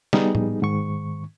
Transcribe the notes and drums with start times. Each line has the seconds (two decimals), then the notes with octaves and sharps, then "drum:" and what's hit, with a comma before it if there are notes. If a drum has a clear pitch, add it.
0.13 G3 B3 D#4 G#4, drum: snare
0.35 drum: tom A2
0.62 G#2 D#3 C#6